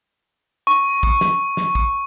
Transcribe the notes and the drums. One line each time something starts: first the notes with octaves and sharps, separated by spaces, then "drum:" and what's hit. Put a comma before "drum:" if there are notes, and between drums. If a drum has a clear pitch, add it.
C#6
drum: kick
drum: snare
drum: snare
drum: kick